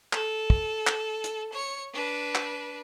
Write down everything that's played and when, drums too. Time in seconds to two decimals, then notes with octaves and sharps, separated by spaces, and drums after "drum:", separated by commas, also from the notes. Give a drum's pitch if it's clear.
0.13 A4, drum: clap
0.50 drum: kick
0.87 drum: clap
1.24 drum: hi-hat
1.53 C#5 C#7
1.93 D4 B4
2.35 drum: clap